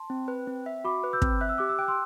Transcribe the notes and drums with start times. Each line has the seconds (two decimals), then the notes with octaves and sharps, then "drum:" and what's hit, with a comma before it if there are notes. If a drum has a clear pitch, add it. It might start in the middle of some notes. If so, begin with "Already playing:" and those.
Already playing: A5 C6
0.10 C4
0.28 B4
0.47 C4
0.66 E5
0.84 F#4 B5 D6
1.04 B4
1.13 E6 G6
1.22 C4, drum: kick
1.41 E5 F#6
1.49 E6
1.58 G4 D6 F#6
1.69 E6
1.78 G5 F#6
1.88 C6 E6